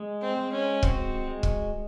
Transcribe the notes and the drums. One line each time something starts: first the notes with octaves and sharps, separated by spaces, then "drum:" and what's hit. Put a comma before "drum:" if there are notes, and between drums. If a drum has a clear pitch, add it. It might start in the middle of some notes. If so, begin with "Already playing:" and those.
Already playing: G#3
C4
G#3
C#4
C4 F#4, drum: kick
G#3
drum: kick